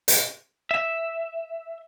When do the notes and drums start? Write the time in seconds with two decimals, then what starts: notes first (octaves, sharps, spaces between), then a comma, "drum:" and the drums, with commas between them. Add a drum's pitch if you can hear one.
0.08 drum: hi-hat
0.71 E5